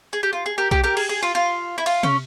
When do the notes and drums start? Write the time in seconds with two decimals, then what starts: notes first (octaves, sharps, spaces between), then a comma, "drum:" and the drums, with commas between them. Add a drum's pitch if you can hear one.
0.13 G#4
0.23 G4
0.33 F4
0.46 G#4
0.58 G4 A#4
0.71 G4, drum: kick B1
0.84 G4 A#4
0.97 G#4, drum: cymbal
1.09 G#4
1.23 F4
1.35 F4
1.78 E4
1.86 F4, drum: cymbal
2.03 C#4, drum: tom